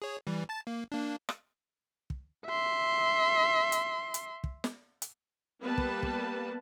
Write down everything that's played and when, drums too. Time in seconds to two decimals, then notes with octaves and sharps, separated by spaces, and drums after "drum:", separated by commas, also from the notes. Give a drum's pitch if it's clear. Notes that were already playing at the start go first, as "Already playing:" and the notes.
0.02 G#4 C#5
0.27 E3 G3
0.49 A5 A6
0.67 A#3
0.92 A#3 D4
1.29 drum: rim click
2.10 drum: kick
2.46 E5 C6
3.72 drum: hi-hat
4.14 drum: hi-hat
4.44 drum: kick
4.64 drum: snare
5.02 drum: hi-hat
5.60 G3 A#3 B3 B4 A5
5.78 drum: kick
6.03 drum: kick